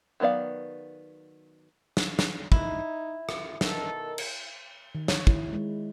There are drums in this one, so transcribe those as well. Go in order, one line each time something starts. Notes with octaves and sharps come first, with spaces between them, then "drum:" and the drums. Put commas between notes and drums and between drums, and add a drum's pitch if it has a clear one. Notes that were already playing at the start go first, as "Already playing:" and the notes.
D#3 F#3 B3 D5 F5
drum: snare
drum: snare
D#4 E4, drum: kick
drum: rim click
B2 D#3 A4 A#4, drum: snare
drum: cymbal
D#3
C#5, drum: snare
E4, drum: kick
G#3